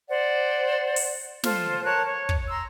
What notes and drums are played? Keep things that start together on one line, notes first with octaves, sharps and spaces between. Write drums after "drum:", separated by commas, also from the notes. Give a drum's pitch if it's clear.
C5 D5 F#5
drum: open hi-hat
F4 A4 C5, drum: snare
A#4 C#5 A5 F#6
C#5
drum: kick
A#5 C6 E6